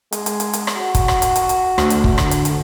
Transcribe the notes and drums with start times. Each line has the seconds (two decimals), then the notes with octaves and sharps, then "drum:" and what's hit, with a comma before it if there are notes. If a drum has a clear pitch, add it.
0.12 G#3, drum: hi-hat
0.26 drum: hi-hat
0.40 drum: hi-hat
0.53 drum: hi-hat
0.67 drum: rim click
0.77 F#4
0.95 drum: kick, hi-hat
1.08 drum: rim click
1.22 drum: hi-hat
1.36 drum: hi-hat
1.49 drum: hi-hat
1.78 D2, drum: rim click
1.90 drum: hi-hat
2.04 drum: kick
2.18 drum: rim click
2.31 drum: hi-hat
2.45 drum: hi-hat